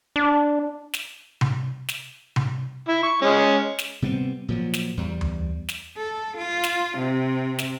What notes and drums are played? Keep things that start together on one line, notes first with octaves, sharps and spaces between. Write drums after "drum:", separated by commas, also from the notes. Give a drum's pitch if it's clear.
D4
drum: snare
drum: tom C3
drum: snare
drum: tom C3
E4
C#6
G#3 C#4
drum: snare
C3 G3 B3 C4
A#2 F3 F#3
drum: snare
E2 G3
drum: tom D2
drum: snare
A4
F4
drum: snare
C3
drum: snare